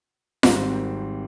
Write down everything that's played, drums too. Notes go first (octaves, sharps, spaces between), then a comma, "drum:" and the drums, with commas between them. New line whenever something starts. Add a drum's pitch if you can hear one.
G#1 G#2 D#3 G3 C4, drum: snare F4